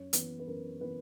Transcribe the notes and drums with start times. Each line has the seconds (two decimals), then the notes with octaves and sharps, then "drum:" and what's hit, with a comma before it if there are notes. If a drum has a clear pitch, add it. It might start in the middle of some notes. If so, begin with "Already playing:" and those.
Already playing: F#2 C#5
0.13 E3 B3 B4, drum: hi-hat
0.39 B4
0.47 F#2 A#4
0.81 E3 B3 B4